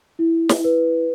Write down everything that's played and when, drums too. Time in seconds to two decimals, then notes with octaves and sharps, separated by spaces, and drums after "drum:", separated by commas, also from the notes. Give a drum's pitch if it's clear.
0.19 E4
0.49 drum: snare
0.64 B4